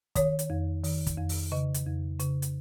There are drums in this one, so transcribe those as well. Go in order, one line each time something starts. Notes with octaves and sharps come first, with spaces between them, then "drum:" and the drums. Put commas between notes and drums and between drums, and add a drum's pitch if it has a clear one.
D#3 C#5, drum: kick, hi-hat
drum: hi-hat
F2
D#3, drum: open hi-hat
drum: kick, hi-hat
F2
drum: open hi-hat
C#3 D#5
drum: hi-hat
F2
C#3, drum: hi-hat
drum: hi-hat